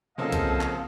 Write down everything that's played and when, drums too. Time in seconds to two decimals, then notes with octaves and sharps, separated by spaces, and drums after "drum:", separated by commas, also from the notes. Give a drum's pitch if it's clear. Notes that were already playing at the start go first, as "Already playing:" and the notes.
0.18 G#2 C#3 F3 A#3 C4 A4 D#5 F5
0.32 drum: kick B1, hi-hat
0.61 drum: clap